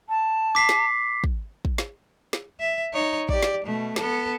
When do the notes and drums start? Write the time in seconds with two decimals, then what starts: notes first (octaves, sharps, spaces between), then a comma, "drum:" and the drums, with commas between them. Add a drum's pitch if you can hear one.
0.09 A5
0.55 D6 B6 C7
0.69 drum: snare
1.24 drum: kick
1.65 drum: kick
1.78 drum: snare
2.33 drum: snare
2.60 E5
2.93 D#4 C#5
3.29 G4 D5, drum: kick
3.43 drum: snare
3.65 B2 A3
3.96 B3 A4, drum: snare